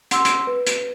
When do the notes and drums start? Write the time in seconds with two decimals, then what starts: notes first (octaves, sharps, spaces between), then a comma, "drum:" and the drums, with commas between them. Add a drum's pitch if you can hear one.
0.11 F#5 C6 E6, drum: hi-hat
0.25 drum: hi-hat
0.47 B4
0.67 drum: hi-hat